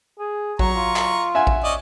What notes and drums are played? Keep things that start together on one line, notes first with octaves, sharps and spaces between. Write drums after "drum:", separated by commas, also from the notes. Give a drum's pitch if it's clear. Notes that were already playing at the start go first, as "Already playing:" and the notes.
G#4
F#3 A#5 C#6, drum: kick A1
F4
drum: clap
E5 F#5 G#5
drum: kick A1
C#4 D5 D#5